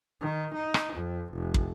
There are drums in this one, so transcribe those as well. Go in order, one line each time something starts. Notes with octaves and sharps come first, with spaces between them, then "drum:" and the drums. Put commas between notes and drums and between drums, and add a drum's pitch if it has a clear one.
D#3
D#4
drum: rim click
F2
F1
drum: kick